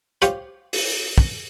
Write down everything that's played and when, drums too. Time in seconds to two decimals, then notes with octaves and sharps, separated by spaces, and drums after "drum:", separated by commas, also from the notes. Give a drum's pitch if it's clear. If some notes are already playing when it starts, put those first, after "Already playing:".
0.22 F4 G4 C5 C#5, drum: hi-hat
0.73 drum: open hi-hat
1.18 drum: kick